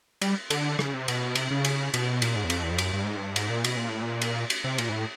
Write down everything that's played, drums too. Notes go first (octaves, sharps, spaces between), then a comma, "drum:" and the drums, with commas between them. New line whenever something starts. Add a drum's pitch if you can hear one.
G3, drum: cymbal
D3, drum: cymbal
C#3, drum: rim click
C3
B2, drum: cymbal
C3, drum: cymbal
C#3
drum: cymbal
B2, drum: cymbal
A#2, drum: cymbal
G#2
E2
F2, drum: cymbal
E2
F2
F#2, drum: cymbal
G2
G#2
G2
G#2, drum: cymbal
A#2
B2, drum: cymbal
A#2
A2
A#2
drum: cymbal
drum: cymbal
C3
A#2, drum: cymbal
G#2
A2